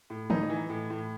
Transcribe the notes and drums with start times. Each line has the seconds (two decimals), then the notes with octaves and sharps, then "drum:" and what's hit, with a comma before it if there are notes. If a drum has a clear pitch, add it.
0.10 A2
0.30 E3 D#4, drum: tom D3
0.50 E3
0.70 A2
0.90 A2